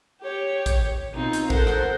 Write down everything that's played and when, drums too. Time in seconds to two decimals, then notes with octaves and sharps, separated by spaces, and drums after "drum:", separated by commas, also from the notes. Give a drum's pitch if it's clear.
0.20 G4 C#5
0.66 drum: kick A1, hi-hat
1.13 B2 C4 D#4 F4
1.33 drum: hi-hat
1.50 A4 A#4 C5 F#5, drum: kick A1
1.67 drum: rim click